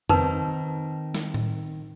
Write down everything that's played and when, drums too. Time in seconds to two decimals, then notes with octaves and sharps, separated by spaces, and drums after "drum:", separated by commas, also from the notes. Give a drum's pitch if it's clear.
0.09 D#3 C4 D#4 A#4 B4, drum: tom F2
1.14 drum: snare
1.34 drum: tom A2